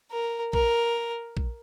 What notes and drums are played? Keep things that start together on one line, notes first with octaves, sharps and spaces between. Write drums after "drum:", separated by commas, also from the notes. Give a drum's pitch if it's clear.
A#4
A#4, drum: kick A#1
drum: kick A#1